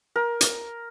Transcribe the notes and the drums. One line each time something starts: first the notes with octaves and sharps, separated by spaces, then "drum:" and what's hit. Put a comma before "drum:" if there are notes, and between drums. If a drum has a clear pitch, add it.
A#4
drum: hi-hat